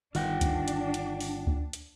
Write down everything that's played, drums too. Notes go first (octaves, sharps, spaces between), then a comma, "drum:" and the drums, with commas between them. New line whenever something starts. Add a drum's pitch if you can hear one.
G1 D#3 D4 F4 F#5 G5, drum: open hi-hat
drum: kick D2, hi-hat
drum: hi-hat
drum: hi-hat
drum: open hi-hat
drum: kick D2
drum: hi-hat